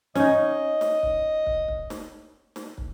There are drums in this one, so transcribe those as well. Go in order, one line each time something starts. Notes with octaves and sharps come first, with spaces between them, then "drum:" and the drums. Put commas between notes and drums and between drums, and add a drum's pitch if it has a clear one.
C#4 D#4 D#5, drum: snare
drum: snare
drum: kick
drum: kick
drum: kick
drum: snare
drum: snare
drum: kick